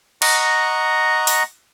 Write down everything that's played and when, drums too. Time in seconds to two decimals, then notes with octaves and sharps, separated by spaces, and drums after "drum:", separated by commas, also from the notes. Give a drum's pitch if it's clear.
0.22 D#5 F#5 A#5 C#6, drum: cymbal
1.27 drum: open hi-hat